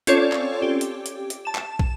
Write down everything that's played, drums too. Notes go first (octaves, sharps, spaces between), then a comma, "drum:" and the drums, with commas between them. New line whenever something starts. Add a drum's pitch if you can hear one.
C4 C#4 F4 A4 C#5 D5, drum: hi-hat
drum: clap
G4
drum: hi-hat
drum: hi-hat
drum: hi-hat
A5 E7
drum: clap
drum: kick